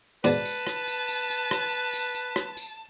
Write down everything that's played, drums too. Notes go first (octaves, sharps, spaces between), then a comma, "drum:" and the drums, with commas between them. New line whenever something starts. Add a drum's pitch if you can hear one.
G#2 B2 D4 B4 A5, drum: tambourine
drum: tambourine
drum: rim click
drum: tambourine
drum: tambourine
drum: tambourine
drum: rim click
drum: tambourine
drum: tambourine
drum: rim click
drum: tambourine